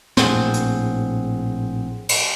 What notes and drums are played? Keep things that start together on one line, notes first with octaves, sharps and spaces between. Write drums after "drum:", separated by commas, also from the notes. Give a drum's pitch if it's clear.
A#1 A2 C4 G#4 C5 F#5, drum: snare
drum: hi-hat
drum: cymbal